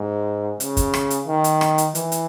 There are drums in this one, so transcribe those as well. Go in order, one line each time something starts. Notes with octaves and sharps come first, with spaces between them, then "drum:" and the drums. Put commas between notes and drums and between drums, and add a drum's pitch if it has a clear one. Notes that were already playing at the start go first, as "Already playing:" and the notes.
Already playing: G#2
C#3, drum: hi-hat
drum: kick, hi-hat
drum: rim click
drum: hi-hat
D#3
drum: hi-hat
drum: rim click
drum: hi-hat
E3, drum: hi-hat
drum: hi-hat